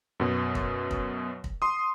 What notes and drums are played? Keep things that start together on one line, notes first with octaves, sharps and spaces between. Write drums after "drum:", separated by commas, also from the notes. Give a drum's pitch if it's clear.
F#2 B2
drum: kick
drum: kick
drum: kick
C6 D#6